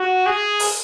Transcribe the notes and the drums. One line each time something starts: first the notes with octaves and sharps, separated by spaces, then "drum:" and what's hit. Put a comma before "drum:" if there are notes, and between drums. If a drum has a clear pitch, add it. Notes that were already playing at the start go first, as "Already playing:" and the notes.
Already playing: F#4
G#4
drum: open hi-hat